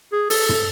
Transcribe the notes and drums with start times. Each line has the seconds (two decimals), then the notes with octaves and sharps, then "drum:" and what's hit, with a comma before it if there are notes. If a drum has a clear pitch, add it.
0.12 G#4
0.30 A4, drum: open hi-hat
0.49 drum: tom